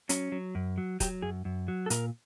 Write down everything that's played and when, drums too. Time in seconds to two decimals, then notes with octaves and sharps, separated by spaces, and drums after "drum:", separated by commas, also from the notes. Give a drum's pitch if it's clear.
0.09 F#3 C#4, drum: hi-hat
0.32 F#3
0.55 F#2
0.78 F#3
1.00 F#3 G4, drum: kick, hi-hat
1.22 F#2 G#4
1.45 F#2
1.68 F#3
1.86 A4
1.90 A#2 A#4, drum: hi-hat